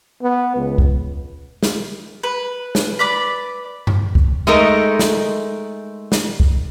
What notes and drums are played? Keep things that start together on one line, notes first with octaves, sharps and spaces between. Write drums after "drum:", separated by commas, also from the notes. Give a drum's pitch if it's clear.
B3
C#2
drum: kick
drum: snare
B4
drum: snare
B4 D5 B5
drum: tom F#2
drum: kick
G#3 A3 D#4 A#4
drum: snare
drum: snare
drum: kick